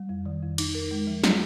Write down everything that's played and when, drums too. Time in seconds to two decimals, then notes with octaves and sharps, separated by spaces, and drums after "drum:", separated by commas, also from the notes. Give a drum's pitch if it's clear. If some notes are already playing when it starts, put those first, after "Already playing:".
Already playing: G3
0.09 F2
0.25 D#3
0.43 F2
0.58 D#4, drum: cymbal
0.75 A#4
0.91 G#3
1.07 F3
1.24 F4, drum: snare